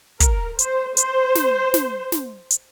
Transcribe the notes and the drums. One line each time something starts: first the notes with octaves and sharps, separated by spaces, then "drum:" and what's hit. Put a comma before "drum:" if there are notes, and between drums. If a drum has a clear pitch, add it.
A#4, drum: kick, hi-hat
C5, drum: hi-hat
C5, drum: hi-hat
drum: snare
drum: snare
drum: snare
drum: hi-hat